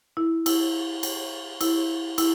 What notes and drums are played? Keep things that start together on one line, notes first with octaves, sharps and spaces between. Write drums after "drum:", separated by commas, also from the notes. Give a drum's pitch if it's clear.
E4
E4, drum: cymbal
drum: cymbal
E4, drum: cymbal
E4, drum: cymbal